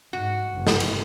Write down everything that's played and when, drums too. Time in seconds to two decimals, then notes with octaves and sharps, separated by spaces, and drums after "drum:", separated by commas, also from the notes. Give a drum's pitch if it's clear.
0.13 G#2 F#4
0.52 F#1 G2
0.67 drum: snare
0.80 drum: cymbal